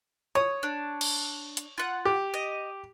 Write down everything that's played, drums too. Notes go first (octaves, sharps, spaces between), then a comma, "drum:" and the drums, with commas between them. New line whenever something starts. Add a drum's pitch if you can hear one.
C#5 D#6
D4
drum: cymbal
drum: hi-hat
F4 F#5
G4
D#5